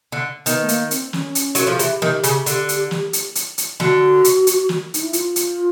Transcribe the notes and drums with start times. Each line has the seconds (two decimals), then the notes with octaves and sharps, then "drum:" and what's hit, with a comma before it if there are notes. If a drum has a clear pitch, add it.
0.12 D3
0.46 D#3 B3, drum: hi-hat
0.63 A3
0.69 A#3, drum: hi-hat
0.91 C4, drum: hi-hat
1.13 C#4, drum: snare
1.35 drum: hi-hat
1.55 F#3 A#4, drum: hi-hat
1.64 F3 A4
1.72 G#4
1.79 E3 G4, drum: hi-hat
2.02 D#3, drum: snare
2.24 C#3, drum: hi-hat
2.46 D3, drum: hi-hat
2.69 drum: hi-hat
2.91 drum: snare
3.13 drum: hi-hat
3.35 drum: hi-hat
3.58 drum: hi-hat
3.80 D3 F#4, drum: snare
4.24 drum: hi-hat
4.47 drum: hi-hat
4.69 drum: snare
4.94 D#4, drum: hi-hat
5.03 E4
5.13 F4, drum: hi-hat
5.36 drum: hi-hat